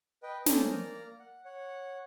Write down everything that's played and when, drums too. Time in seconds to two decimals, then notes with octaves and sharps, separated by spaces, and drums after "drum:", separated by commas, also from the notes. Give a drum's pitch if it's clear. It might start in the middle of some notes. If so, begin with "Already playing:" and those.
0.23 B4 D#5 G5
0.46 C#4 A4 C5 D5 D#6 G6, drum: snare
0.64 A#3 D5 A#5 F6
1.19 F#5
1.45 C#5 F#5